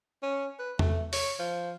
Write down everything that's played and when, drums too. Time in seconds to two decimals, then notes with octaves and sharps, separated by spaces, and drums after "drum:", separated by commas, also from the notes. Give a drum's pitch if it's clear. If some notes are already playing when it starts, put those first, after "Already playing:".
0.23 C#4
0.59 B4
0.79 A3, drum: tom E2
1.13 C#5, drum: open hi-hat
1.39 F3